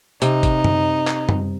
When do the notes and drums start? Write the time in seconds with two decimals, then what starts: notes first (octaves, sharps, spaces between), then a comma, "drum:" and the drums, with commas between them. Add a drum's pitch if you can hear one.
0.22 C3 D#4, drum: hi-hat
0.43 drum: kick G1, hi-hat
0.64 drum: tom F#2
1.07 drum: clap
1.29 drum: tom F#2